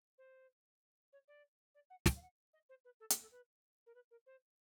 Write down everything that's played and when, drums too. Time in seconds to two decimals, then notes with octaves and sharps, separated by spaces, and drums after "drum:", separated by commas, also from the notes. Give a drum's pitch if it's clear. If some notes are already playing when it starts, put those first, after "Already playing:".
0.18 C5
1.12 C#5
1.27 D5
1.74 D5
1.90 F#5
2.06 G5, drum: snare
2.15 F5
2.22 F#5
2.53 D#5
2.69 C5
2.84 B4
3.00 A4
3.10 G4, drum: hi-hat
3.21 A4
3.31 B4
3.86 A#4
3.94 B4
4.10 A#4
4.26 C5